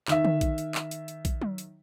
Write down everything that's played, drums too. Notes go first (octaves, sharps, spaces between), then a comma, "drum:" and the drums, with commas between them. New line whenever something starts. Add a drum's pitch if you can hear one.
D#3 E5, drum: clap
drum: tom D3
drum: kick A#1, hi-hat
drum: hi-hat
drum: clap
drum: hi-hat
drum: hi-hat
drum: kick A#1, hi-hat
drum: tom F#3
drum: hi-hat